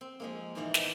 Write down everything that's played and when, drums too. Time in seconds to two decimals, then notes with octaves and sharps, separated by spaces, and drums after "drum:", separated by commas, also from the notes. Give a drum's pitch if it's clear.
0.01 C4
0.20 F3 G#3 A#3
0.55 G#2 B2 D#3 E3 D5 A#5
0.74 B4 A5, drum: snare